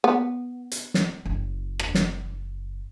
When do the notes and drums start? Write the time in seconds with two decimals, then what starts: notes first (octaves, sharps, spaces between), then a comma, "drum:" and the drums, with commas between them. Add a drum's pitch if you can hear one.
0.04 B3
0.72 drum: hi-hat
0.94 drum: snare
1.26 F#1
1.79 drum: rim click
1.95 drum: snare